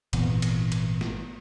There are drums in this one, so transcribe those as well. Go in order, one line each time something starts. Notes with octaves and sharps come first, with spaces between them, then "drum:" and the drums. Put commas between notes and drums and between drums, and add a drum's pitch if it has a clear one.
G#1 A#2 E3 B3, drum: cymbal
drum: cymbal
drum: cymbal
drum: snare